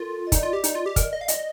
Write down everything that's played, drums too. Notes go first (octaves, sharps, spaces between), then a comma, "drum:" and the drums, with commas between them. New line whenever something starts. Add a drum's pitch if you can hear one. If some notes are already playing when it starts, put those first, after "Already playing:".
Already playing: F4 A4 A#4
D#5
D#4 D5, drum: kick, hi-hat
F4
G4
D#4, drum: hi-hat
F4
G4
A#4, drum: kick, hi-hat
D#5
F5
D#5, drum: hi-hat